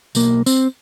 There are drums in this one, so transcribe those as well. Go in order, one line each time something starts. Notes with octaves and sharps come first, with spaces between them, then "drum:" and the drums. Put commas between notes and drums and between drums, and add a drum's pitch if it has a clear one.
B1 A#3, drum: tambourine
C4, drum: tambourine